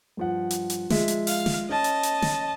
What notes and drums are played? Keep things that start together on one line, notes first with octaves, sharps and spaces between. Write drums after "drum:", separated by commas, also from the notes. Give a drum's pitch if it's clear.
G2 F3 F#5
drum: hi-hat
drum: hi-hat
F3 G#3 E5, drum: snare
drum: hi-hat
F5, drum: open hi-hat
drum: snare
C#4 D#5 A5
drum: hi-hat
drum: hi-hat
drum: snare